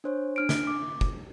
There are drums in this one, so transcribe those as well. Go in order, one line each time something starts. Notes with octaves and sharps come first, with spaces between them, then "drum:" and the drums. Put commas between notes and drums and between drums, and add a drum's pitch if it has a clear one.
D4 C5 C#5
D4 F6 D7
drum: snare
D6
drum: kick